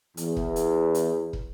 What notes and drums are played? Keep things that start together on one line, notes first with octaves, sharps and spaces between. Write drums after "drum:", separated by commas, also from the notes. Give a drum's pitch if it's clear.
E2, drum: hi-hat
drum: kick
drum: hi-hat
drum: hi-hat
drum: kick